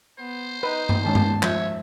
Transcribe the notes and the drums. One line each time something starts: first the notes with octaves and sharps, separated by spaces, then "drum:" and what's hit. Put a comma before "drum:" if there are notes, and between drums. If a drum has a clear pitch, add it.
B3 C5
D#4 B4
drum: tom G2
D#3 G#3 C#4 A5
drum: tom G2
F3 C#5 E5 G6, drum: clap